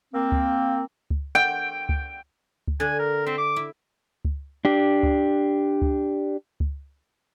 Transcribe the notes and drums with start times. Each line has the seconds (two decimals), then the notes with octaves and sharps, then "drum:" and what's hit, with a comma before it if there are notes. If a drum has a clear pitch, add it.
0.14 A#3 C4
0.32 drum: kick C#2
1.10 drum: kick C#2
1.35 G5
1.89 drum: kick C#2
2.68 drum: kick C#2
2.80 D3 D4 G#5
2.99 A#4
3.26 C4 E5
3.38 D6
3.56 E4
4.25 drum: kick C#2
4.65 D4 G4
5.03 drum: kick C#2
5.82 drum: kick C#2
6.60 drum: kick C#2